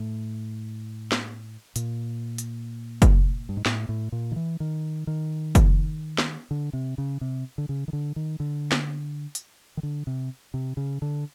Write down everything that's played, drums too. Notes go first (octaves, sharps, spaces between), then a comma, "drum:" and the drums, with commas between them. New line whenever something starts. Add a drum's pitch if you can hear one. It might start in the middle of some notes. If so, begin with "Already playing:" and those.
Already playing: A2
drum: snare
A#2, drum: hi-hat
drum: hi-hat
drum: kick F#1, hi-hat
G2
G#2
A2, drum: snare
A2
A#2
D#3
E3
D#3
D#3
drum: kick F#1, hi-hat
drum: snare
D3
C3
C#3
C3
D3
C#3
D#3
D3
D#3
D3
drum: snare
drum: hi-hat
D#3
D3
C3
C3
C#3
D3